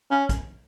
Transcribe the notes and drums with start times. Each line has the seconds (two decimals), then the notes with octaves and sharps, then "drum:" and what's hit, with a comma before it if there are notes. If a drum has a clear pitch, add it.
0.11 C#4
0.29 drum: kick, hi-hat